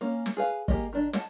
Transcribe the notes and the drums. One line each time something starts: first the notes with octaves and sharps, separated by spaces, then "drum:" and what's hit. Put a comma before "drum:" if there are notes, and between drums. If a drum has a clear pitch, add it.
A#3 C#4
drum: snare
G#4 B4 F5
A#3 G4 G#4 D#5, drum: kick
D#3 D4 D#5
D#5 F#5 A5, drum: snare